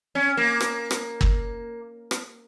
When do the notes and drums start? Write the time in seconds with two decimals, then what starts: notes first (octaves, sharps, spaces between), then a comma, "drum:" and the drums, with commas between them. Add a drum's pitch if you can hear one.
0.15 C#4
0.37 A#3
0.60 drum: rim click
0.91 drum: rim click
1.21 drum: kick
2.11 drum: rim click